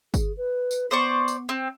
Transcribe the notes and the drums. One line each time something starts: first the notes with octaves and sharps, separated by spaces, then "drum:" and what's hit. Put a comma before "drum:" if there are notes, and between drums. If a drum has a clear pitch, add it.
G#4, drum: kick G1, tambourine
B4
drum: tambourine
B3 C5 D5 C#6
drum: tambourine
C4